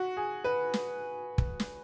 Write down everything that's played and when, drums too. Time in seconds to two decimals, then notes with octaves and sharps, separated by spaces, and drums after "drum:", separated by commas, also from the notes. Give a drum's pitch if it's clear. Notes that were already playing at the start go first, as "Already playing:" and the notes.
Already playing: F#4
0.17 G#4
0.44 B4
0.74 drum: snare
1.38 drum: kick
1.60 drum: snare